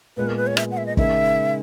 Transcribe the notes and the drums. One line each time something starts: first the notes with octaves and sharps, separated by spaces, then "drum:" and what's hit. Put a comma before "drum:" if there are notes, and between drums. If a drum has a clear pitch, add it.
A#2 G#3 B3 B4
A#4
B4
C#5
E5, drum: rim click
F#5
E5
D#5
C#3 G#3 D#4 A#4 E5, drum: kick